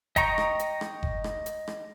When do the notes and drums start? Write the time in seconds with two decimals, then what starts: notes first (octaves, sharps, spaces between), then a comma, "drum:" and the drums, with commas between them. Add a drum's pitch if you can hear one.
0.16 D#5 G5 A#5 C#6, drum: kick F#1, hi-hat
0.38 drum: rim click
0.59 drum: hi-hat
0.81 drum: rim click
1.03 drum: kick F#1
1.24 drum: rim click
1.46 drum: hi-hat
1.67 drum: rim click